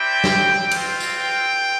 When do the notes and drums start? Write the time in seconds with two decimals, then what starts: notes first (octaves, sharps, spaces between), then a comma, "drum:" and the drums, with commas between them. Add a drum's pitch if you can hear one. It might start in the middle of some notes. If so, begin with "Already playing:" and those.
Already playing: G3 C4 E4 G4 G5
0.24 drum: snare
0.71 C4 F4, drum: cymbal
1.00 drum: tambourine
1.17 G5